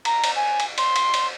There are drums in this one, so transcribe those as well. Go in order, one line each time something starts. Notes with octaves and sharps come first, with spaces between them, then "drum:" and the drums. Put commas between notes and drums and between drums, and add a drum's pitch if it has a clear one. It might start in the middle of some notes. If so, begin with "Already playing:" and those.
A#5, drum: cymbal
drum: cymbal
G#5
drum: cymbal
C6, drum: cymbal
drum: cymbal
drum: cymbal